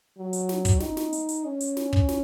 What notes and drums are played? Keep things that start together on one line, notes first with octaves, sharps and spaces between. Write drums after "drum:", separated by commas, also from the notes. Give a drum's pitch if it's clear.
F#3
drum: hi-hat
drum: snare
drum: kick, hi-hat
D#4, drum: snare
drum: snare
drum: hi-hat
drum: hi-hat
C#4
drum: hi-hat
drum: snare
drum: kick
drum: snare